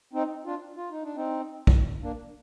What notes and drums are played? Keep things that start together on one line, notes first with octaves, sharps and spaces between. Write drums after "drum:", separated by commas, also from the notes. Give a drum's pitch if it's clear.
C4 D#4
D4 F4
F4
D#4
D4
C4 D#4
drum: kick B1
A#3 D4